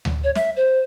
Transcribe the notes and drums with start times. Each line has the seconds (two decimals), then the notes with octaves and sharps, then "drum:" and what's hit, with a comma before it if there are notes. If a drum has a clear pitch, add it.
0.05 drum: tom D2
0.24 C#5
0.35 E5, drum: snare
0.56 C5